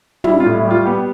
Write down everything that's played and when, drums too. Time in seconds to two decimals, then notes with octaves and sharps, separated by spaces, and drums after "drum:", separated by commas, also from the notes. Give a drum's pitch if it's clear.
0.24 G3 E4, drum: tom
0.40 F4
0.45 A2
0.55 E4
0.65 G3
0.71 F4
0.86 B3 G4